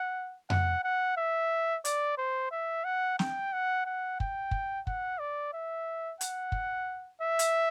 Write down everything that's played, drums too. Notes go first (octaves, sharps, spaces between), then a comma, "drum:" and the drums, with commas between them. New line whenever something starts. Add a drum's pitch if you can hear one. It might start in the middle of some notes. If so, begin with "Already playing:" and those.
Already playing: F#5
F#5, drum: tom F2
F#5
E5
D5, drum: hi-hat
C5
E5
F#5
G5, drum: snare
F#5
F#5
G5, drum: kick
drum: kick
F#5, drum: kick
D5
E5
F#5, drum: hi-hat
drum: kick
E5
drum: hi-hat